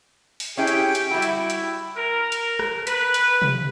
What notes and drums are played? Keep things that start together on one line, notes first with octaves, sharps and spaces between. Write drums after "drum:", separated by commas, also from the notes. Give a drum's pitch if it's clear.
drum: open hi-hat
C#4 E4 G4 G#4 G5
drum: hi-hat
drum: hi-hat
G3 E4 F#4
drum: hi-hat
drum: hi-hat
A#4
drum: hi-hat
drum: rim click
B4, drum: hi-hat
drum: hi-hat
drum: tom C3